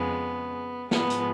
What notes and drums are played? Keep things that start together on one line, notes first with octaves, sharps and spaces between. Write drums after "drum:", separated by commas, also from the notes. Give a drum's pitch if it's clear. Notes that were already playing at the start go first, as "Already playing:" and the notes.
Already playing: F2 C#3 G#3 B3
G#2 F3 G#3 B3, drum: snare
drum: hi-hat